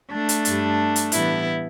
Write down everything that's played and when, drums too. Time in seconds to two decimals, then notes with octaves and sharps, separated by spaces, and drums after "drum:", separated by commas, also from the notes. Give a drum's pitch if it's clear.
0.12 A3 D4
0.29 drum: hi-hat
0.45 G2 G3, drum: hi-hat
0.96 drum: hi-hat
1.12 A2 E3 G3 B3 E4, drum: hi-hat